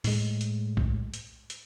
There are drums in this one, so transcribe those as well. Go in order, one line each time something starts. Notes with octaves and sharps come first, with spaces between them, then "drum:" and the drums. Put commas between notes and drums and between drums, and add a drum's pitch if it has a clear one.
A2 G#3, drum: open hi-hat
drum: hi-hat
drum: kick B1
drum: hi-hat
drum: hi-hat